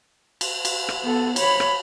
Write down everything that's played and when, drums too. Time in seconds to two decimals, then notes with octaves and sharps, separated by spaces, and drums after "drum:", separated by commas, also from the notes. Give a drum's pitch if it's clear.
0.41 drum: cymbal
0.65 drum: cymbal
0.89 drum: rim click
1.03 B3 A4
1.36 C#5 B5, drum: cymbal
1.60 drum: rim click